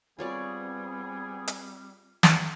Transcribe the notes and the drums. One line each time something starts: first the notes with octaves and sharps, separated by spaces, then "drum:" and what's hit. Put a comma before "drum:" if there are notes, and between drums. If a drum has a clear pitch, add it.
G3 B3 C4 F4 G#4 C#5 D5
drum: hi-hat
drum: snare